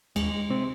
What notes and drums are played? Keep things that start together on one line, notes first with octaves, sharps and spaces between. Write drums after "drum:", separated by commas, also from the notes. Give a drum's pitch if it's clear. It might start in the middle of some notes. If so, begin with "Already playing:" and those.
D#2 G#3, drum: cymbal
C3 C4